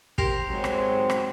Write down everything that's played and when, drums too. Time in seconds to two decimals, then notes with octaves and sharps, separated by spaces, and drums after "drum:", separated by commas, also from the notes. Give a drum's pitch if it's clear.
0.18 G4 A#4 C5, drum: kick
0.50 G#2 F#3 G#3 C4
0.64 drum: rim click
1.10 drum: rim click